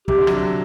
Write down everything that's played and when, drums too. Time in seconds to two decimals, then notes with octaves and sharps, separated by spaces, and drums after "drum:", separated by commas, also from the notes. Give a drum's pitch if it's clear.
0.08 C3 G4, drum: kick
0.18 D3
0.27 F#3, drum: rim click
0.36 D3